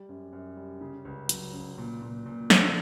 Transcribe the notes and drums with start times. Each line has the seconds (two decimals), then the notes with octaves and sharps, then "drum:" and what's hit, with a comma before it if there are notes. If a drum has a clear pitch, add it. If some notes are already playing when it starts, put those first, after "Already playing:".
Already playing: G3
0.09 F#2
0.33 F#2
0.57 G3
0.81 C#3
1.05 C#2
1.29 F#3, drum: hi-hat
1.53 C#2
1.78 A#2
2.02 A#2
2.26 A#2
2.50 D4, drum: snare